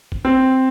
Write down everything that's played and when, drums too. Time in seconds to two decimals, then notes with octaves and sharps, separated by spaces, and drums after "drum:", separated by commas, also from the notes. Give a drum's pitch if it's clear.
0.12 drum: kick
0.25 C4